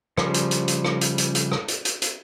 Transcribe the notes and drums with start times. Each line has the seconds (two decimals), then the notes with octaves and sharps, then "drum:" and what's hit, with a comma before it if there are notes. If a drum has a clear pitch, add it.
0.17 C#3 F3 G3, drum: rim click
0.34 drum: hi-hat
0.51 drum: hi-hat
0.68 drum: hi-hat
0.85 drum: rim click
1.01 drum: hi-hat
1.18 drum: hi-hat
1.35 drum: hi-hat
1.52 drum: rim click
1.68 drum: hi-hat
1.85 drum: hi-hat
2.02 drum: hi-hat